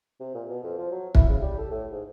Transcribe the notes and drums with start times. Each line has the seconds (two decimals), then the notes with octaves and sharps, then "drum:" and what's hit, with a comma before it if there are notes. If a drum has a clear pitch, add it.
0.20 C3
0.34 A#2
0.49 B2
0.64 F2
0.79 F3
0.91 F#3
1.15 E4, drum: kick
1.29 C#3
1.42 G3
1.58 A4
1.71 A2
1.91 G#2